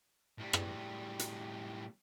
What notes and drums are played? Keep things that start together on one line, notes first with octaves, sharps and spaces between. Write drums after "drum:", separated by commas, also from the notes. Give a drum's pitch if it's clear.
A2 G3
drum: rim click
drum: hi-hat